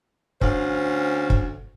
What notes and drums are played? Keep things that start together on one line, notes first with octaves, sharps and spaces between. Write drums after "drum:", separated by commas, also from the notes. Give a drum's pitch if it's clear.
D2 C#4 C5 F5, drum: kick
drum: kick